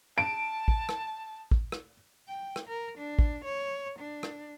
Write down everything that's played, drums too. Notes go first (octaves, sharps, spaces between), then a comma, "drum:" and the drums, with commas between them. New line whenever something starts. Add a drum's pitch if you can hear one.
A5 D7
drum: kick
drum: rim click
drum: kick
drum: rim click
G5
drum: rim click
A#4
D4
drum: kick
C#5
D4
drum: rim click